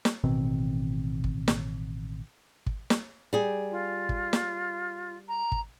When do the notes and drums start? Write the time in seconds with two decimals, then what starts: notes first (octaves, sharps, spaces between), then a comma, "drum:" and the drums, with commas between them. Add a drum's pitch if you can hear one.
0.05 drum: snare
0.24 A1 B2 D#3 C4
1.24 drum: kick
1.48 drum: snare
2.66 drum: kick
2.90 drum: snare
3.33 G3 G#4
3.71 F4
4.09 drum: kick
4.33 drum: snare
5.28 A#5
5.52 drum: kick